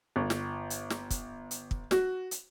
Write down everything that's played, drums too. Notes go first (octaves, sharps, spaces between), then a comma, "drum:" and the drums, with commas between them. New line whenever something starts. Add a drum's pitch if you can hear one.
G1
drum: snare
drum: hi-hat
drum: snare
drum: kick, hi-hat
drum: hi-hat
drum: kick
F#4, drum: snare
drum: hi-hat